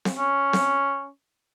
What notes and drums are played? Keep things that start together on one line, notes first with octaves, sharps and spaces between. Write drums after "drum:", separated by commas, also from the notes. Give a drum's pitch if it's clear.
drum: snare C4
C#4
drum: snare C4